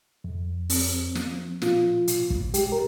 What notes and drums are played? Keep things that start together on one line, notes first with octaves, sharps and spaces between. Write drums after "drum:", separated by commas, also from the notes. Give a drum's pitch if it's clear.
F2
C4, drum: open hi-hat
F3, drum: snare
A#2 F4, drum: snare
A#2, drum: hi-hat
drum: kick
G#3 G4, drum: hi-hat
A#4